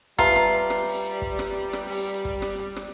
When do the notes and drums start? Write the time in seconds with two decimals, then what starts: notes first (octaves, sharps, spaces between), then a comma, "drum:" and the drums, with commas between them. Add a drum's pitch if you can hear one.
0.19 G3 F4 B4 E5 A5 A#5, drum: kick, hi-hat
0.36 drum: rim click
0.53 drum: hi-hat
0.70 drum: rim click
0.87 drum: open hi-hat
1.04 drum: hi-hat
1.22 drum: kick
1.39 drum: rim click
1.73 drum: rim click
1.90 drum: open hi-hat
2.08 drum: hi-hat
2.25 drum: kick, hi-hat
2.42 drum: rim click
2.59 drum: hi-hat
2.76 drum: rim click